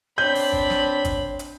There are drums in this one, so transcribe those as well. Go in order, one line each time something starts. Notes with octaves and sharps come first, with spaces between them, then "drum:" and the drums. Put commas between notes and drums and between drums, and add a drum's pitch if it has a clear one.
C4 D4 C#5 B5 G6
drum: open hi-hat
drum: kick G#1
drum: snare
drum: kick G#1, hi-hat
drum: hi-hat